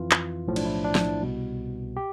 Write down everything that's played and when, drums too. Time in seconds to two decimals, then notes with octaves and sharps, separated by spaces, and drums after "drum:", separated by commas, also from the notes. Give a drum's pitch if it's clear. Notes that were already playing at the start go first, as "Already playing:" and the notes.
Already playing: F2 E3 F4
0.11 drum: clap
0.47 B1 A2 F3
0.56 D4, drum: cymbal
0.65 E4
0.84 D4
0.95 drum: snare
1.22 C2 B2
1.97 G4